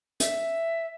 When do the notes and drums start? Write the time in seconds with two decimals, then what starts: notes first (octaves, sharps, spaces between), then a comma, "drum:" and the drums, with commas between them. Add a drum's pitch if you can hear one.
0.20 E5, drum: hi-hat